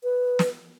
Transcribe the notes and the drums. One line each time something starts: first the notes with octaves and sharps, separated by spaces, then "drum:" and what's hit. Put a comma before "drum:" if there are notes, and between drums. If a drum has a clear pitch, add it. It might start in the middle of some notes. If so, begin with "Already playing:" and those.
B4
drum: snare